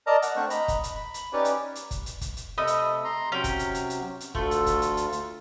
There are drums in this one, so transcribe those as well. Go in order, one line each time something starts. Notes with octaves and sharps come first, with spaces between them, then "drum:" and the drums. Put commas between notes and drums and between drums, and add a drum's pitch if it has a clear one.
A#4 D5 D#5 A5 A#5
F#5, drum: hi-hat
A3 C4 D4 C5 C#6 F#6
D#5 A#5 B5, drum: hi-hat
drum: kick, hi-hat
drum: hi-hat
B5
drum: hi-hat
C#4 D#4 G4 B4 C#5 D5
drum: hi-hat
drum: hi-hat
drum: kick, hi-hat
drum: hi-hat
drum: kick, hi-hat
drum: hi-hat
C3 A3 D#5 B5
drum: hi-hat
A#5 C6
C3 F#3 C#4 G5
drum: kick, hi-hat
drum: hi-hat
drum: hi-hat
drum: hi-hat
drum: hi-hat
D2 A3 F4 A4, drum: kick
drum: hi-hat
drum: kick, hi-hat
drum: hi-hat
drum: hi-hat
drum: hi-hat